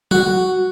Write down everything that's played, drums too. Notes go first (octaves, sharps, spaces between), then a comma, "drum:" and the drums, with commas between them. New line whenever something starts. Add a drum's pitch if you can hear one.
F#4, drum: tom F#3